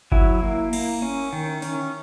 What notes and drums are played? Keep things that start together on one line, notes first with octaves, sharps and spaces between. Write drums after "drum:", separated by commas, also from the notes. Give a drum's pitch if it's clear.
F#3 E4, drum: kick G1
A#3
A#3, drum: cymbal
C#4
D#3
C#4, drum: open hi-hat